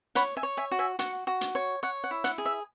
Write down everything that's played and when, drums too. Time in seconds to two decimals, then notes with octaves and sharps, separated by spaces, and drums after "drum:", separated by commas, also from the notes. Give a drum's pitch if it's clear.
0.15 C#5 F#5 B5, drum: hi-hat
0.37 E5 G#5
0.43 C#5
0.57 E5 G#5
0.71 F#4
0.79 E5 G#5
0.99 F#4 F#5, drum: hi-hat
1.27 F#4
1.41 drum: hi-hat
1.55 C#5
1.83 C#5 F#5
2.04 F#5
2.11 E4
2.24 F#5, drum: hi-hat
2.38 G#4
2.46 E5